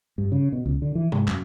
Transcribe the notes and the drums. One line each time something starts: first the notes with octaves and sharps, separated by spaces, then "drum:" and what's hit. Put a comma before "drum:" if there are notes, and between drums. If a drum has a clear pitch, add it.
G2
C#3
B2
C#2
D3
E3
G#2, drum: tom C3
F#2, drum: clap